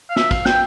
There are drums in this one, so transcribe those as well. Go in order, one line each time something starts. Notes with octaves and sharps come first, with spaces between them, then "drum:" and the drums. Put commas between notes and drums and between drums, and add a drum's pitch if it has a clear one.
F5
E5, drum: snare
F5, drum: kick, cymbal
G5, drum: snare